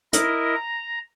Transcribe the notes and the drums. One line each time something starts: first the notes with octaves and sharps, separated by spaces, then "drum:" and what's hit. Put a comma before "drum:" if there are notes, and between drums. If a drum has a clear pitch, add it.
E4 A#4 D#5, drum: hi-hat
A#5